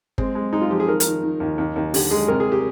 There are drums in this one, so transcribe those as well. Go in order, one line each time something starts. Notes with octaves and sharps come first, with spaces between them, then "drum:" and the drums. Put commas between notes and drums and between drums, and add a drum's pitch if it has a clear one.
G#3 C4, drum: kick G1
G#3
G#3 D#4
F4
F3 G4
G#4
D#3 A#4
A#4, drum: hi-hat
D#3
D#3
D#2
D#2
D#2
D3 G4, drum: open hi-hat
G#3 G#4
C2 A#4
G#4
G4